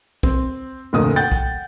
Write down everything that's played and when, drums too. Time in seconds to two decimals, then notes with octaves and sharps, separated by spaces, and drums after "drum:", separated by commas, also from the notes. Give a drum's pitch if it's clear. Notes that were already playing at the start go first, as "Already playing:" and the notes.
0.23 C4, drum: kick A#1
0.93 F1 D2 A#2 D#6
1.16 F#5 G5 G6 A6
1.32 drum: kick A#1